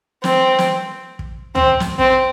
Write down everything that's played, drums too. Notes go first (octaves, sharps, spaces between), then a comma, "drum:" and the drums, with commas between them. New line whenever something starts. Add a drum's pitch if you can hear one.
C4, drum: snare
drum: snare
drum: kick
C4, drum: tom C#2
drum: snare
C4, drum: kick